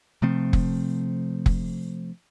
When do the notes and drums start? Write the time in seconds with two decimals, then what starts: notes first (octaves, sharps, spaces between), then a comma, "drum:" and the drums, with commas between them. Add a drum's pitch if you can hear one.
0.22 C3 F3 A3 C4
0.53 drum: kick F1
1.46 drum: kick F1